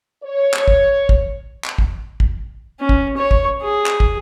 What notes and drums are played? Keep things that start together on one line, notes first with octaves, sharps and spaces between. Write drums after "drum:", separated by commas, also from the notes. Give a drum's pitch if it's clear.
C#5
drum: clap
drum: kick
drum: kick
drum: clap
drum: kick
drum: kick
C#4
drum: kick
C#5
drum: kick
G#4
drum: clap
drum: kick